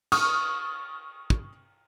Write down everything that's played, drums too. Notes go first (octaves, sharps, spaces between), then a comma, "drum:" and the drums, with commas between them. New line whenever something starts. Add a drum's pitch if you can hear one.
C#6 D#6 F6, drum: cymbal
drum: kick